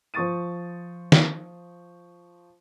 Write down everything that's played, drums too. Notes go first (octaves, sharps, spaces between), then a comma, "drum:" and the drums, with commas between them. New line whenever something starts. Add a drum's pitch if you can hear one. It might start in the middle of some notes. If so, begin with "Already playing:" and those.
F3 C5 C#6 D#6 A6 D#7
drum: snare